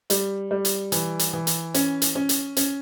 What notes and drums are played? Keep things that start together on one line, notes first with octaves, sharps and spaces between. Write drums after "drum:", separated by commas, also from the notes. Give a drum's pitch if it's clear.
G3, drum: hi-hat
G3
drum: hi-hat
E3, drum: hi-hat
drum: hi-hat
E3
drum: hi-hat
C#4, drum: hi-hat
drum: hi-hat
C#4
drum: hi-hat
C#4, drum: hi-hat